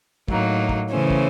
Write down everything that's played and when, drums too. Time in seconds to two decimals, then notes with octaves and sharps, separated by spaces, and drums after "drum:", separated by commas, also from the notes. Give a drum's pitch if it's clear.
0.28 A2 F#3 A#3 D#4, drum: kick
0.69 drum: kick
0.90 C#3 E3 A3 C#4 C5
1.11 drum: kick